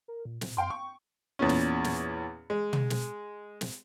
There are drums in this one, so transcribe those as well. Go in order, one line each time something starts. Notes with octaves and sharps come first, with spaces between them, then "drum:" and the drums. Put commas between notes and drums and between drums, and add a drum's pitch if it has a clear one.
A#4
A#2
A#2, drum: snare
F#2 F5 G5 C6
G5 C#6
E2 A#2 C#4
drum: snare
drum: snare
G#3
drum: tom
drum: snare
drum: snare